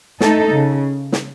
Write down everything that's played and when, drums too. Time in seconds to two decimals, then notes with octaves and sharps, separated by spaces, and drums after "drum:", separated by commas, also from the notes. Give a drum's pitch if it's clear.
0.20 A3 D#4 A4, drum: snare
0.51 C#3
1.12 drum: snare